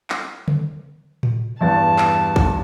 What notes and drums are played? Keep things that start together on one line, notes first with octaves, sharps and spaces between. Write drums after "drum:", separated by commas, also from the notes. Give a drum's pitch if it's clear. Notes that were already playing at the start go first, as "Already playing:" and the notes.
drum: clap
drum: tom C#3
drum: tom A2
E2 G2 A5 A6
drum: clap
drum: kick